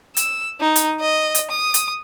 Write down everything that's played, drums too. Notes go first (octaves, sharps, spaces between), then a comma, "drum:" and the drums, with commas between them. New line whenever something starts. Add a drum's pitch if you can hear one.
E6, drum: hi-hat
D#4
drum: hi-hat
D#5
drum: hi-hat
D#6
drum: hi-hat